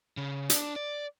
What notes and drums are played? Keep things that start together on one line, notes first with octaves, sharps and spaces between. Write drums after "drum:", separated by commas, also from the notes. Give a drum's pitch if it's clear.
C#3
D4, drum: hi-hat
D5